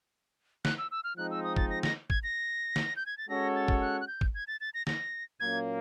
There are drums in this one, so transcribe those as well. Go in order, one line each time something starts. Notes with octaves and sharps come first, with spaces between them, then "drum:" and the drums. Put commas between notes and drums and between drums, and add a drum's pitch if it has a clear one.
F#6, drum: snare
E6
E6
F6
F3 G#3 C4 D#4 F#6
E6
D#6
A6, drum: kick
A#6
A#6, drum: snare
G#6, drum: kick
A#6
drum: snare
G6
G#6
A6
G#3 C#4 F#4 A4 C#5 A#6
A6
drum: kick
F#6
F#6
G6
drum: kick
G#6
A6
A6
A#6
A#6, drum: snare
A#2 F#3 A#3 C#4 G#6